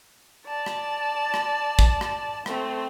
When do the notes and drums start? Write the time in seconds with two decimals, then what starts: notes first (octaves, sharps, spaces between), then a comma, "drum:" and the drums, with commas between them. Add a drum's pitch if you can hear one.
0.46 D5 A5
0.66 drum: rim click
1.34 drum: rim click
1.79 drum: kick
2.01 drum: rim click
2.46 A3 C4, drum: rim click